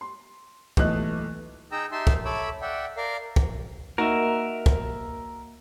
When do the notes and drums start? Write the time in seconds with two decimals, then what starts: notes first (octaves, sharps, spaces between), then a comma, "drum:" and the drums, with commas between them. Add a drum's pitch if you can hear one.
0.01 C6
0.77 B1 A#2 E3 A3 D#5 F#6, drum: kick
1.72 D#4 G#4 G5 A#5 E6
1.92 D#4 G4 E5 A5 C6
2.07 drum: kick
2.25 A4 C#5 E5 B5 D6 E6
2.62 D5 E5 F#5 G5
2.97 A#4 D5 F5
3.36 drum: kick
3.98 A#3 D#4 F#4 A#4 E5
4.66 drum: kick